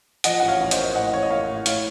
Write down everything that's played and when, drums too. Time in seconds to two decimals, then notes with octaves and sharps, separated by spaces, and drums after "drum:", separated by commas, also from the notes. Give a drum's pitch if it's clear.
0.24 F3 D#5 F#5, drum: hi-hat
0.40 A1 F#5
0.48 C#5 F5
0.60 A1 C#5
0.71 C5 D#5, drum: hi-hat
0.78 A#3
0.95 A2 D#5 F#5
1.13 A1 C#5
1.23 D#5
1.30 A#3 C#5 F5
1.48 A2
1.66 A2 C#5 F5, drum: hi-hat